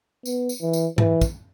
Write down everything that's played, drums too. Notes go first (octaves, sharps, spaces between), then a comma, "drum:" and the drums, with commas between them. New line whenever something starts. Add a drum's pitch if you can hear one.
B3, drum: tambourine
drum: tambourine
E3
drum: tambourine
E3, drum: tom G#2
drum: kick, tambourine